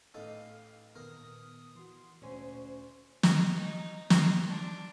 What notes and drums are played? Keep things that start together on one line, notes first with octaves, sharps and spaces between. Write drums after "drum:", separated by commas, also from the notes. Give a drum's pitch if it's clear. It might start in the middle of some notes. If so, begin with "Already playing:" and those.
A1 D#4 A4 F5
A#2 D#3 B3 A#4 D#6
E3 F#4 C6
D2 A#2 C#4 C5 G#5
drum: snare
D#4
C6, drum: snare
D4